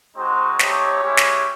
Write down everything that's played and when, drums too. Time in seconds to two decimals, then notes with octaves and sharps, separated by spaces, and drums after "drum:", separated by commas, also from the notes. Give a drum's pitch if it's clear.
0.16 G#3 C4 D#4 F#4 C5
0.59 A3 C4 D#4 G4 C#5, drum: snare
1.03 G#3 C#4 E4 G4
1.17 drum: snare